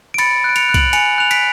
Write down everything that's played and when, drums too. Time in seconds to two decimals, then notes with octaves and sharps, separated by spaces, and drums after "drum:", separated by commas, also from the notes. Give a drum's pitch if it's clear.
0.14 D7
0.18 B5 A6 C#7, drum: cymbal
0.44 F#6 D7
0.56 C#7 F7, drum: cymbal
0.69 F#6
0.74 D7 F#7, drum: kick, cymbal
0.93 G#5 C#7 F7, drum: cymbal
1.18 F#6 F7
1.31 B6 D7, drum: cymbal